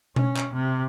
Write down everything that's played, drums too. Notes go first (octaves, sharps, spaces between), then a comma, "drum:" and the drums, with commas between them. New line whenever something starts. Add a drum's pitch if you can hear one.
C#4, drum: tom B2
drum: clap
C3